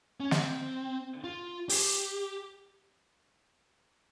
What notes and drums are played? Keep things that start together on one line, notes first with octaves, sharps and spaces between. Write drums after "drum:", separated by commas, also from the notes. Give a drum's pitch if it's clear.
C#4
C4, drum: snare
F4
G4, drum: open hi-hat